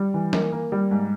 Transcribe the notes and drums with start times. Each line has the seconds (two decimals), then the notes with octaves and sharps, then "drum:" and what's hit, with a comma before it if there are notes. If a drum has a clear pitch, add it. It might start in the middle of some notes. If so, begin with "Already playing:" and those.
Already playing: G3
0.14 E3
0.33 A#3, drum: snare
0.52 A#3
0.72 G3
0.91 G#2